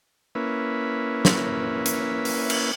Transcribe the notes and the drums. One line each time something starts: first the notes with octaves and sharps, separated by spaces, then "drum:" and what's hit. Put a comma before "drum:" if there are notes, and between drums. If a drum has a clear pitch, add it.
A#3 C#4 E4 B4
drum: snare
drum: hi-hat
drum: open hi-hat
drum: cymbal